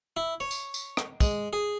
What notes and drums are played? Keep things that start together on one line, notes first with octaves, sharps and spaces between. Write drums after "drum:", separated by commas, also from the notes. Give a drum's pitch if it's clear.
E4
C#5
drum: tambourine
drum: tambourine
drum: rim click
G#3, drum: kick, tambourine
G#4